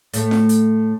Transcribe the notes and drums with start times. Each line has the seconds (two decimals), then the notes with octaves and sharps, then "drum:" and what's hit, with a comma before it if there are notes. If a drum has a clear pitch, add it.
0.13 A2 A3, drum: hi-hat
0.31 drum: snare F4
0.49 drum: hi-hat